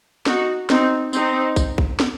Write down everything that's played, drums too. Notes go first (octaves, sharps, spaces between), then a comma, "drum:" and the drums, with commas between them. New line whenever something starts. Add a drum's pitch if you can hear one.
D#4 F#4, drum: snare
C4 D#4, drum: snare
C4 D#4, drum: tambourine
drum: kick, tambourine
drum: kick
drum: snare